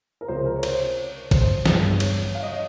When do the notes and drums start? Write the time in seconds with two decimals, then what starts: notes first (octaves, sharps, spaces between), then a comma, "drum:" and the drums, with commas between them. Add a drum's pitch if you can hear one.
0.21 A#4
0.28 C#2 C3 F3 G#3 C5
0.46 A#4
0.56 C#5
0.63 C5, drum: cymbal
0.80 C#5
1.31 C5, drum: kick, cymbal
1.66 G1 G2 F3 G#3, drum: snare
2.00 C#5, drum: cymbal
2.35 F5
2.43 D#5
2.52 C#5